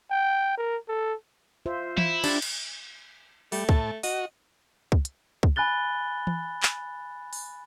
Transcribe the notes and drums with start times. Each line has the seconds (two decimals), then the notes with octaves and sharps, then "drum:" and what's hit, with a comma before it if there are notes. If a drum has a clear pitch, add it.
0.11 G5
0.57 A#4
0.89 A4
1.66 F4 C5 E5
1.98 E4, drum: tom E3
2.24 D4 G4, drum: cymbal
2.42 drum: cymbal
3.52 G3 A3, drum: open hi-hat
3.69 A2 A5, drum: kick
4.03 F#4 D#5, drum: open hi-hat
4.92 drum: kick
5.05 drum: hi-hat
5.43 drum: kick
5.56 G#5 B5 F#6 A6 G7
6.27 drum: tom E3
6.63 drum: clap
7.33 drum: open hi-hat